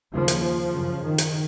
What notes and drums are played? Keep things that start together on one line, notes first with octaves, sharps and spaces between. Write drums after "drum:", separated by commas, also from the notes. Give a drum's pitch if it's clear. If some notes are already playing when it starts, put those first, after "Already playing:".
D#2 C#3 F3
drum: hi-hat
F3
F#2 C#3
D#3
drum: hi-hat